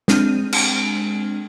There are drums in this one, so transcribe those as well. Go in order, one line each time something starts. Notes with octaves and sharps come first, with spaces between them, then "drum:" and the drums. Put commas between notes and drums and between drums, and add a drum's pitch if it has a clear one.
G#3 C4 D4 F6 D#7, drum: snare
drum: cymbal